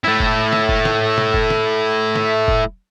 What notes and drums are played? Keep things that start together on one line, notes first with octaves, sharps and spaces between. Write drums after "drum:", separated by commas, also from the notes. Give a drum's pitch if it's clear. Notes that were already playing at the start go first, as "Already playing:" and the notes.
A3 E4
drum: kick F1
drum: snare
drum: kick F1
drum: snare
drum: tom
drum: kick F1
drum: snare
drum: snare
drum: kick F1